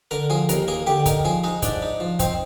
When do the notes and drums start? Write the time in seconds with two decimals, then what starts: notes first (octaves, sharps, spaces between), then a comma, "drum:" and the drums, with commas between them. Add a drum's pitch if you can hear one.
0.11 D3 A#4 A#5
0.30 F3 G#4 G#5
0.49 D#2 A#4 A#5, drum: hi-hat
0.68 A#3 G#4 G#5
0.87 D3 G4 G5
1.06 D#4 A#4 A#5, drum: kick, hi-hat
1.24 F3 G#4 G#5
1.44 G#3 D#4 D#5
1.62 G#2 D4 D5, drum: kick, hi-hat
1.82 D#4
2.00 F3
2.19 C4 D#4 C5, drum: kick, hi-hat